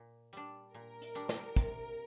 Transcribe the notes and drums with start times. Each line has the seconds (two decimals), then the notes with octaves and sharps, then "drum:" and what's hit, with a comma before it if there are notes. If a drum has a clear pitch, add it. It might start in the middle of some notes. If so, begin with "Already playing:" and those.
Already playing: A#2
0.33 G3 D4
0.74 A#2 A#4
1.02 drum: hi-hat
1.15 G3 D4
1.29 drum: snare
1.56 C3, drum: kick, hi-hat